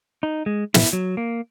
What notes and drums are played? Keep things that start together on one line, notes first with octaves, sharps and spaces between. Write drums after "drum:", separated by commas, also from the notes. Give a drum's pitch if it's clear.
D#4
G#3
E4, drum: snare
F#3
A#3